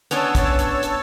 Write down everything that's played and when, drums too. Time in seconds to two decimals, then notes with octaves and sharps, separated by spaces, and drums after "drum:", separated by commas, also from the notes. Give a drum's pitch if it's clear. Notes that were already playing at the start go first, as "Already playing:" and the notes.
0.11 B3 C#4 D4 C#5 A5 E6, drum: hi-hat
0.35 drum: kick, hi-hat
0.59 drum: hi-hat
0.83 drum: hi-hat